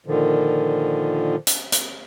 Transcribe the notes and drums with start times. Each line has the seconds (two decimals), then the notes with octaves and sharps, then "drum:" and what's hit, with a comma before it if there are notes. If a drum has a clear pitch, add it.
0.06 A#2 D3 D#3 F3
1.47 drum: hi-hat
1.72 drum: hi-hat